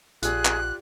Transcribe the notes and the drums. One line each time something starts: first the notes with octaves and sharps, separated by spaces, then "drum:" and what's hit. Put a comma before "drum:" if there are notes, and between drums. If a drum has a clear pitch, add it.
A#1 F4 G4 G#4 D5 F#6, drum: hi-hat
drum: clap